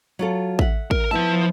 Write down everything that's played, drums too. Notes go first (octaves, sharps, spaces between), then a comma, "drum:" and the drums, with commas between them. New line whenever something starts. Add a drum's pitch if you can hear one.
F#3 F4 A4
E5 F#5, drum: kick A1
A#4, drum: kick A1
F3 B3 E4 E5 A5